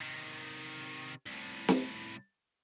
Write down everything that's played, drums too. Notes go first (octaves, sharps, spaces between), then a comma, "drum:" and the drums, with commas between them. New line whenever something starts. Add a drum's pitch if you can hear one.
C3 D#3
C2 A2
drum: snare